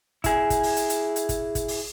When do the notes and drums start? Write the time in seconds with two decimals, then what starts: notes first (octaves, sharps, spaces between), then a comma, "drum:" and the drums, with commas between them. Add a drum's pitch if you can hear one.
0.24 E4 G#4, drum: kick, hi-hat
0.50 drum: kick, hi-hat
0.63 drum: open hi-hat
0.76 drum: hi-hat
0.90 drum: hi-hat
1.16 drum: hi-hat
1.29 drum: kick, hi-hat
1.55 drum: kick, hi-hat
1.68 drum: open hi-hat